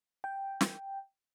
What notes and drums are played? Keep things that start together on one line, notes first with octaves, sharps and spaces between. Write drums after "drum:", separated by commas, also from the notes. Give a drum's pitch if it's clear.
G5
drum: snare